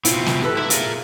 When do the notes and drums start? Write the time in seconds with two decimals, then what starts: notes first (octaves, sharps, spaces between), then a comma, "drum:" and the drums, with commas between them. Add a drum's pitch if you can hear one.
0.05 B2 C4 E4 F4, drum: hi-hat
0.26 drum: snare
0.42 G4 A4 B4
0.57 G#2 E4 E5
0.70 F4 G#4 A#4, drum: hi-hat